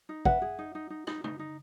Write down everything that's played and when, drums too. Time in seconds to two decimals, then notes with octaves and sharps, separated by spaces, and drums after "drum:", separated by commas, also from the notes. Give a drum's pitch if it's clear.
0.09 D#4
0.25 B4 E5 F#5, drum: kick
0.42 G#4
0.59 D#4
0.75 D#4
0.90 D#4
1.07 D#4, drum: rim click
1.24 D#4, drum: tom C#3
1.39 D#4